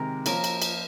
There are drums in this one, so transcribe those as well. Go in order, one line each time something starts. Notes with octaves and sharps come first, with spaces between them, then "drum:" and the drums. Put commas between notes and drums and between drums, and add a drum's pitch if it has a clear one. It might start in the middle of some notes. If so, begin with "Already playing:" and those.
Already playing: C3 D#3 G#3 A#4
F3 A#3 C#4 F4 A#4, drum: cymbal
drum: cymbal
drum: cymbal